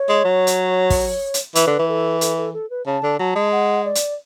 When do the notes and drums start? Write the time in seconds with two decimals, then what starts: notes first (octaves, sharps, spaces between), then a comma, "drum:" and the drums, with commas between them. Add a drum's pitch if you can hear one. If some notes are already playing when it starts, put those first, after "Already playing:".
Already playing: C#5
0.09 G#3
0.24 F#3
0.47 drum: hi-hat
0.90 drum: kick, open hi-hat
1.34 drum: hi-hat
1.55 E3 B4, drum: hi-hat
1.67 D3
1.79 E3
1.88 A4
2.21 A4, drum: hi-hat
2.38 A4
2.54 A4
2.70 B4
2.86 C#3 A5
3.03 D3
3.19 F#3 A5
3.36 G#3
3.52 F#5
3.85 D5
3.95 drum: hi-hat